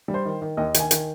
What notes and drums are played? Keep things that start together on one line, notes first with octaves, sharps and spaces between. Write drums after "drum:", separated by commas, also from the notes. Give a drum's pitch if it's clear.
G3
C5
D#3
D#3
D#2 D#5
D#3 G#5, drum: hi-hat
D#3, drum: hi-hat